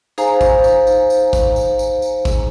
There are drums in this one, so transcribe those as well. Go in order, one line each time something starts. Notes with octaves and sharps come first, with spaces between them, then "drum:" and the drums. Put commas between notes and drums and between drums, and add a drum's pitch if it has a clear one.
D#4 G#4 C5 F5 G#5 A#5, drum: tambourine
drum: kick, tambourine
drum: tambourine
drum: tambourine
drum: tambourine
drum: kick, tambourine
drum: tambourine
drum: tambourine
drum: tambourine
drum: kick, tambourine